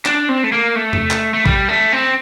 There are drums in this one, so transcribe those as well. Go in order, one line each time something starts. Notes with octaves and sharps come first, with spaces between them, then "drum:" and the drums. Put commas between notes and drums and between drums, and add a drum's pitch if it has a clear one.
D4, drum: clap
C4
A3
A#3
A3
drum: tom E2
drum: clap
A3
G3, drum: kick
A3
C4